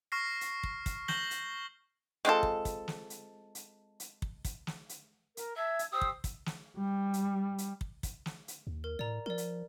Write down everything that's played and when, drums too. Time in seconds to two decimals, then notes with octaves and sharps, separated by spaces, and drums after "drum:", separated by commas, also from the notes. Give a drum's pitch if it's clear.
0.12 C#6 F6 A#6 C7
0.41 drum: hi-hat
0.63 drum: kick
0.86 drum: kick, hi-hat
1.08 C#6 G6 A#6 F#7 G7, drum: snare
1.31 drum: hi-hat
2.25 G#3 C4 F4 A4
2.43 drum: kick
2.65 drum: kick, hi-hat
2.88 drum: snare
3.10 drum: hi-hat
3.55 drum: hi-hat
4.00 drum: hi-hat
4.22 drum: kick
4.45 drum: kick, hi-hat
4.67 drum: snare
4.89 drum: hi-hat
5.37 A#4, drum: hi-hat
5.56 E5 A5 E6 G#6
5.79 drum: hi-hat
5.92 G4 C5 D#6 E6
6.01 drum: kick
6.24 drum: kick, hi-hat
6.46 drum: snare
6.77 G3
7.14 drum: hi-hat
7.58 drum: hi-hat
7.81 drum: kick
8.03 drum: kick, hi-hat
8.26 drum: snare
8.48 drum: hi-hat
8.67 D#2
8.84 A#4
8.99 A2 D5 A#5
9.26 F3 A#4 D5
9.38 drum: hi-hat